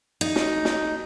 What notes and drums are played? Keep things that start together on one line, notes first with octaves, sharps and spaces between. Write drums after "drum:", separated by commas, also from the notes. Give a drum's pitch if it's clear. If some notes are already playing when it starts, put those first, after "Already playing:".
D#4
drum: snare
drum: snare